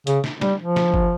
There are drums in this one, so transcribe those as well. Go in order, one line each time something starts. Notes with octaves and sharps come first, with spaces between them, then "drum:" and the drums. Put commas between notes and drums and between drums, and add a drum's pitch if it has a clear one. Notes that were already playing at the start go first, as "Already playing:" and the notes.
C#3, drum: hi-hat
drum: snare
G3, drum: snare
F3
drum: snare
drum: kick G1